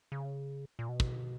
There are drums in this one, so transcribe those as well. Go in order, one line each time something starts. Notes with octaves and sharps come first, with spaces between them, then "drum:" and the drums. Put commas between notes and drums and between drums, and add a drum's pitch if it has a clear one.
C#3
A#2
B2
drum: kick